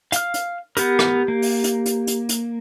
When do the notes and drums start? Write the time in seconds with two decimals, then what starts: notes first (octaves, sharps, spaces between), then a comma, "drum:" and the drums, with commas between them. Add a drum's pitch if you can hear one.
0.12 F5 F6, drum: hi-hat
0.34 drum: hi-hat
0.77 B3 G4 A#4, drum: hi-hat
0.99 drum: rim click
1.28 A#3
1.42 drum: open hi-hat
1.64 drum: hi-hat
1.86 drum: hi-hat
2.07 drum: hi-hat
2.29 drum: hi-hat